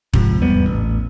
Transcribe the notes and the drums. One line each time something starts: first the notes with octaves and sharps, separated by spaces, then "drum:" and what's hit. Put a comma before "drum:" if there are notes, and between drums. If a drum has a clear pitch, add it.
G#2 C3 F3, drum: kick E1
E2 G3 B3
A1